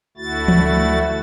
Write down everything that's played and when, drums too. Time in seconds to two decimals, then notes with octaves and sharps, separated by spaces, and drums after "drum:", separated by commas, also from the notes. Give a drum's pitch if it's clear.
0.18 D2 A3 E4 F#4 A6
0.48 drum: tom E3